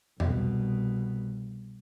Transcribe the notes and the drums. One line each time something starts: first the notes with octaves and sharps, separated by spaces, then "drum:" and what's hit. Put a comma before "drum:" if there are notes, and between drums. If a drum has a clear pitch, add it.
C2 B2, drum: tom E2